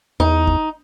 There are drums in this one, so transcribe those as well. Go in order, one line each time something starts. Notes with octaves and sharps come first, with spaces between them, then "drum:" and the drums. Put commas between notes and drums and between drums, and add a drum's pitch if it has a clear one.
E2 D#4
drum: kick